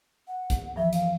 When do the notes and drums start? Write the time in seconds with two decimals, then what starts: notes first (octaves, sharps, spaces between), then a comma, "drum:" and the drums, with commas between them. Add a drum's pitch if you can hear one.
0.28 F#5
0.50 drum: kick, hi-hat
0.76 G2 E3 F3 E5
0.93 F5, drum: hi-hat